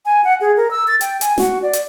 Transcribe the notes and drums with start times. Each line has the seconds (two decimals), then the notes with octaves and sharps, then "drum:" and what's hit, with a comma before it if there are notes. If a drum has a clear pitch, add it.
0.05 G#5
0.24 F#5
0.41 G#4
0.57 A#4
0.71 E6
0.88 A6
1.01 G5, drum: hi-hat
1.21 G#5, drum: hi-hat
1.38 F#4, drum: snare
1.62 D5
1.73 drum: hi-hat